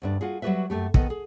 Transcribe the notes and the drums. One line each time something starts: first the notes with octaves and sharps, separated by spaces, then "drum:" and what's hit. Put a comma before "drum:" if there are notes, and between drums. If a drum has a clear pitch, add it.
D2 G2 D4
F4 F#4 G#4
F#3 G3 F#4 G4 B4 E5
F#2 A3 G4
D#3 B3 A4 D#5, drum: kick
G#4